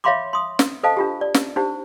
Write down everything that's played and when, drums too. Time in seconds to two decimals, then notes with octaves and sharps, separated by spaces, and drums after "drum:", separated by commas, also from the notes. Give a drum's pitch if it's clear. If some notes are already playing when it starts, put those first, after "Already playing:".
0.04 C#5 E5 F5 B5 C6 D6
0.33 C6 D#6
0.59 drum: snare
0.83 A4 C5 D#5 F5 A5
0.97 D4 F4 G4
1.21 D5
1.34 drum: snare
1.56 D4 D#4 G4 C5